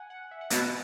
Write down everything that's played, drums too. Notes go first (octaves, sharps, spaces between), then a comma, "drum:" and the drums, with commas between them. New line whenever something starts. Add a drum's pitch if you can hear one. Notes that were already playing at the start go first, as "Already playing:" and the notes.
Already playing: F#5 G#5
F#5
E5
F#5
B2 E5, drum: hi-hat